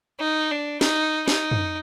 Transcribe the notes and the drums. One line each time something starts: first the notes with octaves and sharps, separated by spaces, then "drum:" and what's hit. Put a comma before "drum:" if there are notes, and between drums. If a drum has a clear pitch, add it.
D#4
D4
D#4, drum: snare
D#4, drum: snare
drum: tom